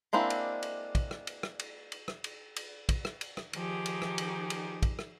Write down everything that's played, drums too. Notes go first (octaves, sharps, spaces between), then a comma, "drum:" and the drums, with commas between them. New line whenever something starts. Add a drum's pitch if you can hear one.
G#3 A#3 C4 D4 E4
drum: cymbal
drum: cymbal
drum: kick, cymbal
drum: rim click
drum: cymbal
drum: rim click
drum: cymbal
drum: cymbal
drum: rim click
drum: cymbal
drum: cymbal
drum: kick, cymbal
drum: rim click
drum: cymbal
drum: rim click
D#3 F3 D#4 G4 G#4, drum: cymbal
drum: cymbal
drum: rim click
drum: cymbal
drum: cymbal
drum: kick, cymbal
drum: rim click